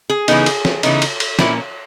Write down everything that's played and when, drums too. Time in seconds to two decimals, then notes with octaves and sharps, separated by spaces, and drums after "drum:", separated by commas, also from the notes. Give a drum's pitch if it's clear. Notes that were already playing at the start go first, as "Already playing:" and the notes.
0.10 G#4
0.28 C#3 E3 B3 D#4, drum: cymbal
0.46 drum: cymbal
0.65 drum: snare
0.83 C#3 E3 B3 D#4, drum: cymbal
1.02 drum: cymbal
1.20 drum: cymbal
1.39 A#2 A#3 C#4 E4, drum: snare